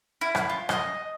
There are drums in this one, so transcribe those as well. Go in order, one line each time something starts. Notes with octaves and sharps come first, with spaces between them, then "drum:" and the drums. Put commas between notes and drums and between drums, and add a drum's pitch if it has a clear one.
E4
drum: rim click
F4
D#5, drum: rim click